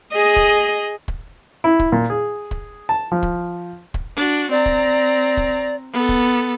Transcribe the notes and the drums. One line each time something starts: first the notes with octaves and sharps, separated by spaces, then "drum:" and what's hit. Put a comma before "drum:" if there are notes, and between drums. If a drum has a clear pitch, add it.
G#4 D#5
drum: kick
drum: kick
E4
drum: kick
A#2
G#4
drum: kick
A5
F3
drum: kick
drum: kick
D4 F#4
C4 D5 A#5
drum: kick
drum: kick
B3 A4
drum: kick